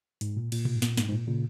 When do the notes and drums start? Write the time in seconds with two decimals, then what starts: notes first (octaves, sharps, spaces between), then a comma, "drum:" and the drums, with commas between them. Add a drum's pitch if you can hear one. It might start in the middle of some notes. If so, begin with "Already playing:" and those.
0.21 G#2, drum: hi-hat
0.37 A#2
0.52 A#2, drum: cymbal
0.65 drum: tom A#2
0.75 G#2
0.82 A#2, drum: snare
0.97 G#2, drum: snare
1.09 G#2
1.12 A#2
1.27 A#2 C#3